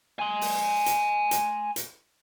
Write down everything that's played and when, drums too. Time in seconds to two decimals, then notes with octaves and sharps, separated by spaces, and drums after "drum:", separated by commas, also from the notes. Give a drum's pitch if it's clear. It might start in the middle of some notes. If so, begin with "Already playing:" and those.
0.19 G#5 C6
0.41 drum: open hi-hat
0.86 drum: hi-hat
1.31 drum: hi-hat
1.76 drum: hi-hat